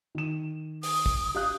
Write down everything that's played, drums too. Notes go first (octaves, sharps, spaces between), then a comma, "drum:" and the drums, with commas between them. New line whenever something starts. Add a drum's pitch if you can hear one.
D#3 E7
D#6, drum: open hi-hat
drum: kick
G4 F5 D#6 F#6